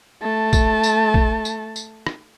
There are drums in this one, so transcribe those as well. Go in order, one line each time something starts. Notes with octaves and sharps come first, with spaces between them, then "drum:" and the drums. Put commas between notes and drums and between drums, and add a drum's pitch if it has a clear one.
A3 A5
drum: kick, tambourine
drum: tambourine
drum: kick
drum: tambourine
drum: tambourine
drum: rim click